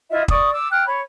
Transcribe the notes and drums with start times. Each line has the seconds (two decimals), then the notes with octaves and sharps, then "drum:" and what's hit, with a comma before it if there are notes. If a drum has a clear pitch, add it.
0.10 E4 F4 D#5 E5
0.28 D5 C#6 D#6, drum: kick
0.53 D6 E6
0.71 G5 F6 F#6
0.86 C#5 B5